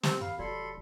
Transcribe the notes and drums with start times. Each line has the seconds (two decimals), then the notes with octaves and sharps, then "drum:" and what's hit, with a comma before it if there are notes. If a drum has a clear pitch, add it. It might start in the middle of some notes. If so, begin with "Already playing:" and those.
0.03 C4 C#4 G4, drum: snare
0.21 F#2 F5 B5
0.39 F1 F#3 A4 D5 B5 C6